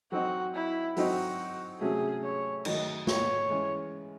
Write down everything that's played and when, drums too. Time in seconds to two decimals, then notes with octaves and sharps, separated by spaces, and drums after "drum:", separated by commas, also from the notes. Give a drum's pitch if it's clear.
0.12 F#3 C4 D#4 F#4
0.54 E4
0.97 F#3 C4 D#4 F#4, drum: open hi-hat
1.80 C3 F#3 A3 C#4 G#4
2.23 C#5
2.65 D#3 F#3 A3 D#5, drum: cymbal
3.07 C#5, drum: snare
3.49 E3 G#3 C#4